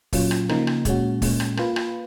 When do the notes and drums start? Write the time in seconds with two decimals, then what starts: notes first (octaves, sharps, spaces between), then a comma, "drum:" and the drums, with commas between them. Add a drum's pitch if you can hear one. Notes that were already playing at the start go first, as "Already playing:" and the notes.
0.13 A#2 F#3 C#4 F4, drum: kick, open hi-hat
0.31 drum: rim click
0.49 C#3 F3 A#3 D#4 A#4, drum: rim click
0.67 drum: rim click
0.85 A#2 G#3 C#4 F#4, drum: kick, hi-hat
1.22 A#2 G#3 C#4, drum: kick, open hi-hat
1.40 drum: rim click
1.57 A#3 F4 B4, drum: rim click
1.76 drum: rim click